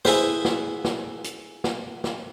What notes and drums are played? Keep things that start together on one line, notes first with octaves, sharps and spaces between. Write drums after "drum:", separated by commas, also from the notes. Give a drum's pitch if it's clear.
E4 G#4 B4 C5, drum: snare
drum: snare
drum: snare
drum: hi-hat
drum: snare
drum: snare